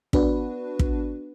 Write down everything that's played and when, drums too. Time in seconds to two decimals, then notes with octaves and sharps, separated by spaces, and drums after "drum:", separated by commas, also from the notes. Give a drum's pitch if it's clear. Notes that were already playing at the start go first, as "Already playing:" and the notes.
0.13 B3 D4 F#4 B4, drum: kick
0.79 drum: kick